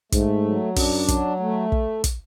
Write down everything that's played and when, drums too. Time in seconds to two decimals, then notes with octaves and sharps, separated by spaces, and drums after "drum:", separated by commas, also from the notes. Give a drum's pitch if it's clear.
0.12 G#2 A3, drum: kick, hi-hat
0.44 F#3
0.76 F#2 D4, drum: kick, open hi-hat
1.08 F#3, drum: kick, hi-hat
1.40 A3
1.72 drum: kick
2.04 drum: kick, hi-hat